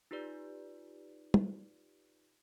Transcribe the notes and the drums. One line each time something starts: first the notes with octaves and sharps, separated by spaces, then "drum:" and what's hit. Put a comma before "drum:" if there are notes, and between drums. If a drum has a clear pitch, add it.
D#4 F4 G4 B4 D5
drum: tom